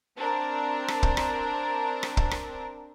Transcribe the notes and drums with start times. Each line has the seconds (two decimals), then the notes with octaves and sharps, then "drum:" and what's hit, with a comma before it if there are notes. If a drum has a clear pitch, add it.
0.17 C4 D4 A#4
0.88 drum: rim click
1.03 drum: kick
1.17 drum: rim click
2.03 drum: rim click
2.17 drum: kick
2.31 drum: rim click